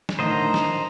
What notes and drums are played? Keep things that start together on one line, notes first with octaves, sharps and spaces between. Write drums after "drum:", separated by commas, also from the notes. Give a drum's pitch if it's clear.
drum: snare
A2 D3 D#3 C5 D#5 A#5
drum: snare